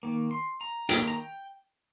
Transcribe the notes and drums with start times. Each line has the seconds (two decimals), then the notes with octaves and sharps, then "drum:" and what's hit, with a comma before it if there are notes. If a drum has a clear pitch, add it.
0.03 D#3 A#3
0.31 C6
0.61 A#5
0.89 D#3 A#3 G5, drum: hi-hat
1.08 A#5
1.18 G5